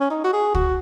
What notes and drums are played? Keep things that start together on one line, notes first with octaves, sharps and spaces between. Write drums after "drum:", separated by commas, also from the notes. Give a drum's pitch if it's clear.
C#4
D#4
F#4
G#4
F#4, drum: kick